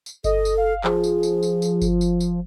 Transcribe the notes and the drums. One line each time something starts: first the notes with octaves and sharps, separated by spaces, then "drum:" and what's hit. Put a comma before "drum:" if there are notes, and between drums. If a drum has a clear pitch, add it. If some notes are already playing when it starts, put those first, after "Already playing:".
drum: tambourine
A4 D#5, drum: kick G1, tambourine
drum: tambourine
F5
F3 G#4, drum: clap
drum: tambourine
drum: tambourine
drum: tambourine
drum: tambourine
drum: kick G1, tambourine
drum: tambourine
drum: tambourine